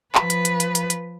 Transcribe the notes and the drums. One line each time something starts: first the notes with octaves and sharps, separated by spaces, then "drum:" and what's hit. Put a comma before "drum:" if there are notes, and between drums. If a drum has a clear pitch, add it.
F3 B4, drum: clap
drum: hi-hat
drum: hi-hat
drum: hi-hat
drum: hi-hat
drum: hi-hat